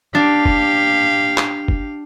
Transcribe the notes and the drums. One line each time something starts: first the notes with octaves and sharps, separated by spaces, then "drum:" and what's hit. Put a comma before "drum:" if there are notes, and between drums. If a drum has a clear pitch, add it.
D4 G4 F5
drum: kick
drum: clap
drum: kick